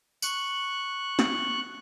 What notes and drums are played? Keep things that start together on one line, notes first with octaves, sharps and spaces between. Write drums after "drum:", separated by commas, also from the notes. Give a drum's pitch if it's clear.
C#6 F#6, drum: tambourine
drum: snare